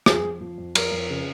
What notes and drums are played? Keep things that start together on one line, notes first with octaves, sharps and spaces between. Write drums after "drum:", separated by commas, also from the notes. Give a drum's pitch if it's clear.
F2 G#4, drum: rim click
F2
F3
F2
F2 A#4, drum: cymbal
F2
C#3